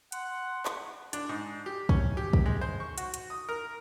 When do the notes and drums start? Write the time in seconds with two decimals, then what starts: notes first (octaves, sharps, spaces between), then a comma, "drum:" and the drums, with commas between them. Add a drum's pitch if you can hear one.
0.12 F#5 C6, drum: hi-hat
0.65 drum: clap
1.13 D4, drum: hi-hat
1.29 G#2
1.66 G4
1.89 C#4, drum: kick
2.17 G4
2.33 drum: kick
2.46 G#3
2.61 C5
2.80 C#6
2.98 F#4, drum: hi-hat
3.14 drum: hi-hat
3.30 D#6
3.49 A#4